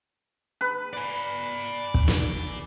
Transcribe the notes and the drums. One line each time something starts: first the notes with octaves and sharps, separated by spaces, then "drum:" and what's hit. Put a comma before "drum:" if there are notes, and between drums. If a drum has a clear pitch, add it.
B4
D5 G#5
drum: kick
drum: snare